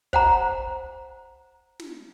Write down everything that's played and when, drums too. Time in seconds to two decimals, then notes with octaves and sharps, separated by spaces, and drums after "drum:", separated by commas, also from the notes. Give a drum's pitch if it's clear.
0.13 C5 F#5 A#5, drum: kick
1.80 drum: snare